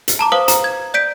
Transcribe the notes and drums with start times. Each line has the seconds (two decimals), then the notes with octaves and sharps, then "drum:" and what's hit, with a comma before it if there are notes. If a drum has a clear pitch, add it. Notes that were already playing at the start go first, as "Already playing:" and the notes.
0.08 drum: hi-hat
0.19 A5 A#5 D6
0.32 B4 C5 F5 D#6
0.48 A#5, drum: hi-hat
0.64 G#6
0.94 D5 G6 B6 D7